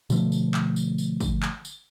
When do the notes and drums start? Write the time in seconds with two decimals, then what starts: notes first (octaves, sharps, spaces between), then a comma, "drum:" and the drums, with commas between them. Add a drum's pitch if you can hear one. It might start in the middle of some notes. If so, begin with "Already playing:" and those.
0.10 B2 D3 F3 A3, drum: tambourine
0.32 drum: tambourine
0.54 drum: clap
0.76 drum: tambourine
0.98 drum: tambourine
1.20 drum: kick, tambourine
1.43 drum: clap
1.65 drum: tambourine